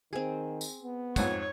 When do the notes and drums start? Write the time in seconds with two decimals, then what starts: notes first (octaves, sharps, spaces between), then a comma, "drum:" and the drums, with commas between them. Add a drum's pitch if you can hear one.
0.13 D#3 C4 G#4
0.61 drum: tambourine
0.83 B3
1.16 F2 G#2 C#5 F#5, drum: kick, tambourine